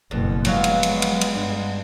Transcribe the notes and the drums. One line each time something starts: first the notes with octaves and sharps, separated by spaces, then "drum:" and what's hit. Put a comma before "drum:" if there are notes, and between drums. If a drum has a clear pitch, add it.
F#1 F2 B2
F3 F#3 G#3 B3 F5, drum: cymbal
drum: cymbal
drum: cymbal
drum: cymbal
drum: cymbal
G2